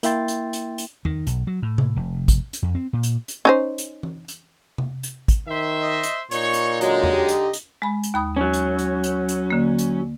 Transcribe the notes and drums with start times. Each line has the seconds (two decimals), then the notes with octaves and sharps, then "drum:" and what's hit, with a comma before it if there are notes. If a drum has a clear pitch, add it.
0.03 A#3 E4 E5 G5 C6 A6, drum: hi-hat
0.28 drum: hi-hat
0.53 drum: hi-hat
0.78 drum: hi-hat
1.05 D#3, drum: tom E2
1.27 B1, drum: hi-hat
1.47 F#3
1.62 A2
1.78 drum: tom C3
1.96 F1
2.28 drum: kick, hi-hat
2.53 drum: hi-hat
2.63 F2
2.75 C4
2.93 A#2
3.03 drum: hi-hat
3.28 drum: hi-hat
3.45 C#4 D#4 C5
3.78 drum: hi-hat
4.03 drum: tom E3
4.28 drum: hi-hat
4.78 drum: tom C3
5.03 drum: hi-hat
5.28 drum: kick, hi-hat
5.48 D#3 C5 E5
5.82 D#5
6.03 drum: hi-hat
6.31 A#2 D#4 C#5 C#6, drum: hi-hat
6.53 drum: hi-hat
6.81 D3 F#3 G#3 D#4 D#5, drum: hi-hat
7.03 drum: tom E2
7.13 G4
7.28 drum: hi-hat
7.53 drum: hi-hat
7.82 G#3 B5
8.03 drum: hi-hat
8.14 D#2 B5 D#6
8.37 F#3 C#4
8.54 drum: hi-hat
8.79 drum: hi-hat
9.04 drum: hi-hat
9.29 drum: hi-hat
9.50 D3 A#3
9.79 drum: hi-hat